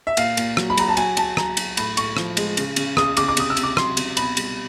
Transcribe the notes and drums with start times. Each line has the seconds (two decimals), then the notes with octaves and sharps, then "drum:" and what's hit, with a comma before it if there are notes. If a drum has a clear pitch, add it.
0.07 E5
0.17 A#2 F5, drum: cymbal
0.37 A#2, drum: cymbal
0.57 F#3, drum: rim click
0.70 B5
0.77 F#3 A#5, drum: cymbal
0.88 A5
0.97 F#3 G#5, drum: cymbal
1.17 F#3 A5, drum: cymbal
1.37 F#3 A#5, drum: rim click
1.57 F#3, drum: cymbal
1.77 A2 B5, drum: cymbal
1.97 A2 C#6, drum: cymbal
2.17 F3, drum: rim click
2.37 G#3, drum: cymbal
2.57 C#3, drum: cymbal
2.76 C#3, drum: cymbal
2.97 C#3 D#6, drum: rim click
3.17 C#3 D6, drum: cymbal
3.28 D6
3.37 C3 D#6, drum: cymbal
3.50 E6
3.57 C3, drum: cymbal
3.63 D6
3.77 F#3 C6, drum: rim click
3.97 C3, drum: cymbal
4.17 B2 B5, drum: cymbal
4.37 G3, drum: cymbal